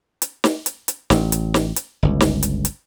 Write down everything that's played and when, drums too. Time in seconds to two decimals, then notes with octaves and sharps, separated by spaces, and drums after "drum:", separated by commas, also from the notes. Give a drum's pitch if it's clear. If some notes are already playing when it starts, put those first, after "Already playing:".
0.22 drum: hi-hat
0.44 drum: snare
0.66 drum: hi-hat
0.88 drum: hi-hat
1.10 A1, drum: snare
1.32 drum: hi-hat
1.54 drum: snare
1.76 drum: hi-hat
2.03 G1 C#2
2.20 drum: snare
2.43 drum: hi-hat
2.65 drum: hi-hat